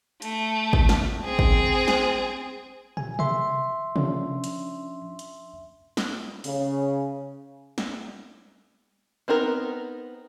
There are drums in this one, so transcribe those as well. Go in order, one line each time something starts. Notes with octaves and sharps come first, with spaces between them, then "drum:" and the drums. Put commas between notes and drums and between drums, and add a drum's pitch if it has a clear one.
A3, drum: hi-hat
drum: kick
drum: snare
C4 G#4
drum: kick
drum: snare
G#5, drum: tom
E5 C6, drum: tom C3
F3 C#4 D4, drum: tom C3
drum: hi-hat
drum: hi-hat
drum: snare
C#3, drum: open hi-hat
drum: snare
B3 C4 D#4 A#4